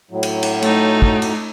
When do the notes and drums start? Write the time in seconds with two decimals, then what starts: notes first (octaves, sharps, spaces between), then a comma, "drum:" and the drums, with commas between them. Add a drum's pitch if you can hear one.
0.11 A2 F#3
0.23 drum: cymbal
0.43 drum: cymbal
0.62 A3 D#4, drum: cymbal
1.02 drum: kick
1.22 drum: cymbal